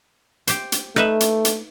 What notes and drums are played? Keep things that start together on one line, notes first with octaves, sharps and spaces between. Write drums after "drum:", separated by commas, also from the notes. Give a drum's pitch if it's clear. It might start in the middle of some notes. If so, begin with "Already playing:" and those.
G4 C5, drum: hi-hat
drum: hi-hat
A3 D#4 B4 E5, drum: rim click
drum: hi-hat
drum: hi-hat